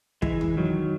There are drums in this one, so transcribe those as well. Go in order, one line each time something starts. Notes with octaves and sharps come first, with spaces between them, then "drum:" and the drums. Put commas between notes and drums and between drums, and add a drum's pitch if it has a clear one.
E3 G#3, drum: kick
drum: tom E2
D#3 F#3